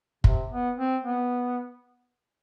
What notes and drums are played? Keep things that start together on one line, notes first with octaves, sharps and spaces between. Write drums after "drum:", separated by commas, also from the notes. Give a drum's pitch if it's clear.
C3, drum: kick
B3
C4
B3